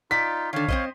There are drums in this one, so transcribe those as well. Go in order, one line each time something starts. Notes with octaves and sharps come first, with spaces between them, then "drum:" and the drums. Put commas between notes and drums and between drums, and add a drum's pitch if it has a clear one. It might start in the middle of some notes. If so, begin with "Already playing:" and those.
D#4 F4 D5 B6
D3 D#3 C#5 F5
C4 C5 D#5, drum: kick A#1